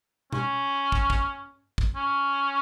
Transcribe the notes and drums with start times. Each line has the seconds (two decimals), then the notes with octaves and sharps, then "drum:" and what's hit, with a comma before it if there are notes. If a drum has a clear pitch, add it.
0.32 C#4, drum: tom B2
0.92 drum: kick
1.10 drum: kick
1.78 drum: kick
1.96 C#4